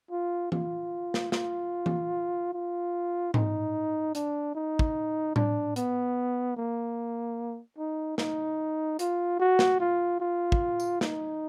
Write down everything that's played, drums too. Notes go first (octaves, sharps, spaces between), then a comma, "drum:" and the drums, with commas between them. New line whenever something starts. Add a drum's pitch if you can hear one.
F4
F4, drum: tom E3
drum: snare
F4, drum: snare
drum: tom E3
F4
D#4, drum: tom G#2
D4, drum: hi-hat
D#4
drum: kick
D4, drum: tom A2
B3, drum: hi-hat
A#3
D#4
D#4, drum: snare
F4, drum: hi-hat
F#4
drum: snare
F4
F4
drum: kick
drum: tambourine
D#4, drum: snare